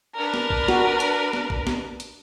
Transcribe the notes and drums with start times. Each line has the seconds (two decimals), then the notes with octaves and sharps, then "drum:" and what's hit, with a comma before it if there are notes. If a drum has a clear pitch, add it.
0.17 D4 A#4 B4
0.34 drum: snare
0.50 drum: kick A1
0.68 F#4, drum: snare
1.00 drum: hi-hat
1.33 drum: snare
1.50 drum: kick A1
1.67 drum: snare
2.00 drum: hi-hat